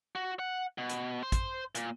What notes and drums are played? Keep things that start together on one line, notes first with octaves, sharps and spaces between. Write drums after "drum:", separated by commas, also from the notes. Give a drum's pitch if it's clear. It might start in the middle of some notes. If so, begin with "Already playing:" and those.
F#4
F#5
B2
drum: hi-hat
C5
drum: kick, hi-hat
A#2, drum: hi-hat